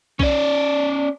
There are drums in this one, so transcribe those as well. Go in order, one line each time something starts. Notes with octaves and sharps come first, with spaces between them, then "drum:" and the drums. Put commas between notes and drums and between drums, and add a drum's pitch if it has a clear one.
C#4 D5, drum: kick B1